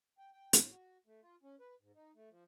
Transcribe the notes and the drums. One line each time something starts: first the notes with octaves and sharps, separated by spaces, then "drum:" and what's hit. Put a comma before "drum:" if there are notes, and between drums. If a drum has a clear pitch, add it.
G5
G5
A2, drum: hi-hat
F#4
A3
F4
C#4
B4
G#2
D#4
A3
F3